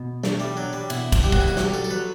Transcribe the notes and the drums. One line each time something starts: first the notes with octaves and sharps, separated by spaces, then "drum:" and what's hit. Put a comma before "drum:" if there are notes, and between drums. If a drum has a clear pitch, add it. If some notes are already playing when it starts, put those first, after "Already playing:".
Already playing: B2
A3 D4, drum: snare
G3
F#3 D4
G3
B2 E4, drum: cymbal
drum: kick, cymbal
G3 G4
F#4, drum: kick
E4
F#4
F#3 G4, drum: snare
A4
A4
F#3 B4